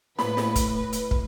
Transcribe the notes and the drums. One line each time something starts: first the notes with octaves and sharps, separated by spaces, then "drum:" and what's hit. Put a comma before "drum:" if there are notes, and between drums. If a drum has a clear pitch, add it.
A2 B4 B5, drum: snare
drum: snare
drum: kick, hi-hat
drum: hi-hat
drum: kick